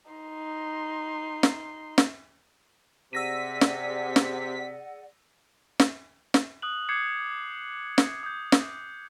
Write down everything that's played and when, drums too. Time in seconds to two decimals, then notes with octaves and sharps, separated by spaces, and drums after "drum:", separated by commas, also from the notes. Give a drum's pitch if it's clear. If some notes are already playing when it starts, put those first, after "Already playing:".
0.11 D#4 C6
1.43 drum: snare
1.98 drum: snare
3.13 C3 G#4 D5 F#5 E6 A#6 B6 D#7
3.61 drum: snare
4.16 drum: snare
5.80 drum: snare
6.34 drum: snare
6.62 D#6 F#6 F#7
6.89 D6 D#6 G6 G#6 C7 C#7
7.98 drum: snare
8.23 D#6 G6
8.52 drum: snare